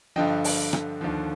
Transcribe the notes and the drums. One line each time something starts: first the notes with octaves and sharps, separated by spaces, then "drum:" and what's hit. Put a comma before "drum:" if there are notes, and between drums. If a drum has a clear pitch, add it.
G2 D3 F3 D#5 G5
drum: open hi-hat
drum: rim click
D#2 D3 F3